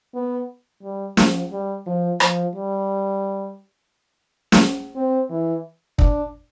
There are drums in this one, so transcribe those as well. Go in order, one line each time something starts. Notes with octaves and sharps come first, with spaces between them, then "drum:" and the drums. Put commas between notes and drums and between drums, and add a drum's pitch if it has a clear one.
B3
G3
F3, drum: snare
G3
F3
F3, drum: rim click
G3
drum: snare
C4
E3
D4, drum: kick